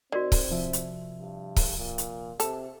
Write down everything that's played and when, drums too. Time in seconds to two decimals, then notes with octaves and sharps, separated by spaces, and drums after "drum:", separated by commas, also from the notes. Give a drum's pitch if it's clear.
0.12 D#3 C4 F#4 A#4 D5
0.32 drum: kick C#1, open hi-hat
0.50 C3 F3 E5
0.73 drum: hi-hat
1.19 G2
1.56 drum: kick C#1, open hi-hat
1.78 A#2
1.98 drum: hi-hat
2.40 C3 A4, drum: hi-hat